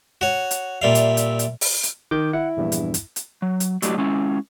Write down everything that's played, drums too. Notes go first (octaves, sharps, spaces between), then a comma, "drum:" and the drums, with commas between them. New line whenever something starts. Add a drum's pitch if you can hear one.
F#4 C#5
drum: hi-hat
A#2 G3 E5 F5
drum: hi-hat
drum: hi-hat
drum: hi-hat
drum: open hi-hat
drum: hi-hat
D#3 D6 G6
E4 F#5
A#1 E2 G2
drum: hi-hat
drum: hi-hat
drum: hi-hat
F#3
drum: hi-hat
F#3 A3 D4 E4 G4 D#5, drum: hi-hat
G#3 C#4 E4